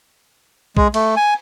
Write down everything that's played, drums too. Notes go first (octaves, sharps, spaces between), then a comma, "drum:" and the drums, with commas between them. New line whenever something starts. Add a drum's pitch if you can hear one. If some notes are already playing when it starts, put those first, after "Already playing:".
G#3, drum: kick B1
A3, drum: cymbal
G#5